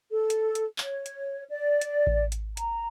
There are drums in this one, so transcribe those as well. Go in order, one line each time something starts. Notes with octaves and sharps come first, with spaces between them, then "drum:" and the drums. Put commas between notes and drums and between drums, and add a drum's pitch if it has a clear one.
A4
drum: hi-hat
drum: hi-hat
C#5, drum: clap
drum: hi-hat
D5
drum: hi-hat
drum: kick A1
drum: hi-hat
A#5, drum: hi-hat